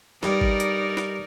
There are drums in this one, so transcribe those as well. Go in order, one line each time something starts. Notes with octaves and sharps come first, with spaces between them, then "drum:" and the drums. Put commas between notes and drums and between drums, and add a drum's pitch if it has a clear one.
G2 D#4 A#4 D5, drum: snare
drum: kick G#1
drum: hi-hat
drum: snare